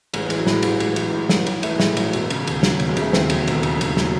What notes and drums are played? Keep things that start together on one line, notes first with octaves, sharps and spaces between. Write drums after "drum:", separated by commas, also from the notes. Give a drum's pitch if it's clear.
A1 G#3, drum: cymbal
G#3
E3, drum: cymbal
F#3
A2 G#3, drum: snare
A1, drum: cymbal
A1, drum: cymbal
E3, drum: cymbal
A2
A1, drum: snare
A1, drum: cymbal
E3 A3, drum: cymbal
G#3
A2, drum: snare
G#3
A1 F#3, drum: cymbal
E1, drum: cymbal
C#3, drum: cymbal
D#2, drum: cymbal
F#3, drum: snare
F#3
E1, drum: cymbal
G#3
C#3 A3, drum: cymbal
D#2 C4, drum: snare
F#3, drum: cymbal
E1, drum: cymbal
C#3, drum: cymbal
D#2, drum: cymbal
F#3, drum: snare